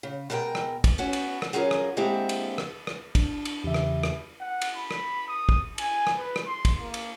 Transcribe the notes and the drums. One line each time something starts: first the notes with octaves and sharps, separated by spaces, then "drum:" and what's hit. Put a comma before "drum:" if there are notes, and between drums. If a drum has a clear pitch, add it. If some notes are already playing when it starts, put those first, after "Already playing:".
C#3
B2 G#3 A#4 D#5 G5
drum: rim click
drum: kick, cymbal
B3 C#4 F#4
drum: cymbal
drum: rim click
F#3 C#4 F4 G#4 A#4
drum: rim click
D3 G#3 A#3 C4 E4 G4
drum: cymbal
drum: rim click
drum: rim click
D4, drum: kick, cymbal
drum: cymbal
E2 C#3 G4 E5
drum: rim click
drum: rim click
F#5
drum: cymbal
B5
drum: rim click
D#6
drum: kick
G#5, drum: cymbal
drum: rim click
B4
drum: rim click
C6
drum: kick, cymbal
A#3
drum: cymbal